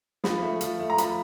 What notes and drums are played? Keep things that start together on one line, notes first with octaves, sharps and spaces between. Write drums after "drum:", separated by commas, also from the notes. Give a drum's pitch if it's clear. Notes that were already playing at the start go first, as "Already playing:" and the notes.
F3 B5, drum: snare
A3
F3, drum: hi-hat
A3
A#5
F3 B5, drum: hi-hat